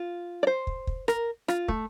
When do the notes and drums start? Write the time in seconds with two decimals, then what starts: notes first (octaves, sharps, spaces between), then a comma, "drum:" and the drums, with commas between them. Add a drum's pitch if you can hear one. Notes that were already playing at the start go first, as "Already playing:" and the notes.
Already playing: F4
0.43 D5
0.47 C5
0.67 drum: kick
0.87 drum: kick
1.08 A#4, drum: rim click
1.48 F4, drum: rim click
1.68 A3, drum: kick